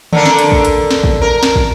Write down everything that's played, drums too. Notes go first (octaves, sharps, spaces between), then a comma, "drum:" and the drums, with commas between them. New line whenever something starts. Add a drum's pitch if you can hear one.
D3 A#3 D4, drum: tom D3
drum: snare
drum: hi-hat
drum: kick
drum: hi-hat
drum: snare
drum: kick
A#4
drum: snare
drum: kick